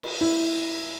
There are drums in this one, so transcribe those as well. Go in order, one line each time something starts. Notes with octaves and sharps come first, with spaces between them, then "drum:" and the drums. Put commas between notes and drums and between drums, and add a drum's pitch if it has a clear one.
drum: cymbal
E4